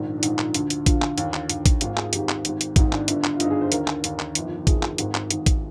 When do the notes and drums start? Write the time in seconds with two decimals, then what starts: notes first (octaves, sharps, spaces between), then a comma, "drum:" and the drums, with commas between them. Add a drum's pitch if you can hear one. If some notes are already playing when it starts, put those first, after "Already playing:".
Already playing: A#1 G#2 D#3 D4
0.18 D4
0.23 A#1 G#2 D#3 D#4, drum: hi-hat
0.39 drum: clap
0.54 D2 D3, drum: hi-hat
0.70 drum: hi-hat
0.86 D2 D3 F4, drum: kick, hi-hat
1.02 drum: clap
1.18 D#2 D3, drum: hi-hat
1.34 drum: clap
1.49 D#2 D3, drum: hi-hat
1.66 drum: kick, hi-hat
1.81 G#1 G#2 D#3 F4, drum: hi-hat
1.97 G#4, drum: clap
2.13 G#1 G#2 D#3 G4, drum: hi-hat
2.29 drum: clap
2.45 G#1 G#2 D#3, drum: hi-hat
2.61 drum: hi-hat
2.76 G#1 G#2 D#3 D#4, drum: kick, hi-hat
2.93 D4, drum: clap
3.08 G1 G2 D3, drum: hi-hat
3.24 drum: clap
3.34 F4
3.40 G1 G2 D3 D#4, drum: hi-hat
3.51 G#4
3.61 C5
3.72 D#2 D3 A#4, drum: hi-hat
3.88 drum: clap
4.04 D#2 D3, drum: hi-hat
4.19 drum: clap
4.35 G1 F2 D#3, drum: hi-hat
4.67 G1 F2 D#3 G#4, drum: kick, hi-hat
4.83 drum: clap
4.98 G#1 G#2 D#3, drum: hi-hat
5.15 drum: clap
5.30 G#1 G#2 D#3, drum: hi-hat
5.46 drum: kick, hi-hat